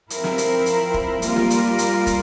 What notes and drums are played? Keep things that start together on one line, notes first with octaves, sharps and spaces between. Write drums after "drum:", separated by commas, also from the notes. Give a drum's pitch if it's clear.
F3 C4 E4 A#4, drum: hi-hat
drum: snare
drum: hi-hat
drum: hi-hat
drum: kick
G3 A#3 F4 A#4, drum: hi-hat
drum: snare
drum: hi-hat
drum: hi-hat
drum: kick, hi-hat